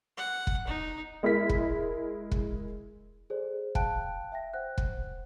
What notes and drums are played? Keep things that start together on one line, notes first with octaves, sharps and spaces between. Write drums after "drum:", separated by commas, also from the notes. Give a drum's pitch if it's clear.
F#5
drum: kick
D#4
G#3 E4 A#4 B6
drum: kick
drum: kick
G#4 A4 C5 D5
F5 G5 A5 F#6 D7, drum: kick
E5 G5 A#6
C5 F#5 F#6
drum: kick